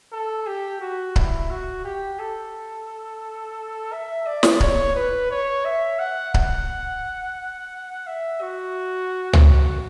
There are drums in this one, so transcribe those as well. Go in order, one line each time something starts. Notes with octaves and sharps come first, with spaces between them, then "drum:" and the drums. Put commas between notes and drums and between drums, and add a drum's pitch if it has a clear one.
A4
G4
F#4
E4, drum: kick C#1
F#4
G4
A4
E5
D5
drum: snare
C#5, drum: kick C#1
B4
C#5
E5
F#5
F#5, drum: kick C#1
E5
F#4
drum: tom C#2